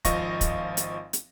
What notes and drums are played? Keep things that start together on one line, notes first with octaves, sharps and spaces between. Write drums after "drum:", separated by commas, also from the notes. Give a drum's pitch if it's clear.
G#1 F3 D#5 F5 C#6 A#6, drum: kick, hi-hat
drum: kick, hi-hat
drum: hi-hat
drum: hi-hat